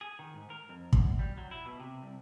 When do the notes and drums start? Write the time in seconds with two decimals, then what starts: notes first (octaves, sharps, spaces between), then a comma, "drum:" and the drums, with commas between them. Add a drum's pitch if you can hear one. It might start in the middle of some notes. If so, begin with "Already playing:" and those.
0.01 G#4
0.19 D#3
0.34 G#2
0.50 A#4
0.69 F2
0.93 F#2, drum: kick
1.19 G3
1.38 F#3
1.51 E4
1.65 B2
1.80 C3
2.02 C2